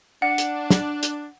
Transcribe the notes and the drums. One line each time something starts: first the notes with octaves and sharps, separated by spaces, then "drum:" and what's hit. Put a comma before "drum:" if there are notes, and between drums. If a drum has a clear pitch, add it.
D4 F#5
drum: hi-hat
drum: snare
drum: hi-hat